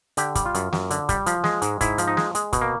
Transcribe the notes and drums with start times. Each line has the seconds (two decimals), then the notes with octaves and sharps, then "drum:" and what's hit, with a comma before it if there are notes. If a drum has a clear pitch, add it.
0.17 D3 G4, drum: hi-hat
0.35 G3, drum: kick, hi-hat
0.45 F4
0.55 F#2, drum: hi-hat
0.73 F#2, drum: snare
0.90 D3, drum: hi-hat
1.09 G3, drum: kick, hi-hat
1.26 F3, drum: hi-hat
1.44 G#3, drum: snare
1.62 G#2, drum: hi-hat
1.81 G#2 E4, drum: kick, hi-hat
1.98 F3, drum: hi-hat
2.07 D#4
2.17 G#3, drum: snare
2.35 G#3, drum: hi-hat
2.53 B2, drum: kick, hi-hat
2.62 A#3